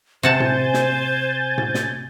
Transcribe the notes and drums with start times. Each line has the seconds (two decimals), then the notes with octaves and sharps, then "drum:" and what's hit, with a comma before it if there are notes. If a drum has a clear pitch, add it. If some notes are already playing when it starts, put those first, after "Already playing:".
0.23 C3 C5 F#5 G#5 A5 G6 A6
0.40 drum: tom A2
0.74 drum: snare
1.58 drum: tom A2
1.74 drum: snare